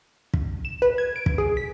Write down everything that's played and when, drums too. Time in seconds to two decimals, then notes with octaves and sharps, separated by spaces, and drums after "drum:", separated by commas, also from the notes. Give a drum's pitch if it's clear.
0.34 drum: kick
0.65 E7
0.82 B4
0.98 G#6
1.16 D7
1.26 drum: kick
1.38 G#4
1.57 B6